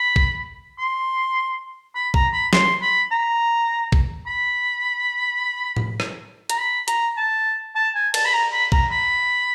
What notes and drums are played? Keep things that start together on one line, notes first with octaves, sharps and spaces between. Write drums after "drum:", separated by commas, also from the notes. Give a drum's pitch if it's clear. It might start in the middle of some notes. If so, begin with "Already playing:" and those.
Already playing: B5
drum: kick
C6
B5
A#5, drum: kick
B5
C6, drum: snare
B5
A#5
drum: kick
B5
drum: tom A2
drum: rim click
A#5, drum: hi-hat
B5
A#5, drum: hi-hat
A5
A5
G#5
A5, drum: cymbal
B5
A#5
B5
A#5, drum: kick
B5